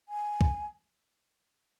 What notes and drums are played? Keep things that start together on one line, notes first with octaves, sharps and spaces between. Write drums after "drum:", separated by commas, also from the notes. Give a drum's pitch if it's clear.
G#5
drum: kick